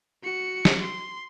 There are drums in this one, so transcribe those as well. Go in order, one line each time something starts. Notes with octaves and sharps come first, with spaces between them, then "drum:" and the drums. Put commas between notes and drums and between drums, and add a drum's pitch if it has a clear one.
F#4 C#7
drum: snare
C6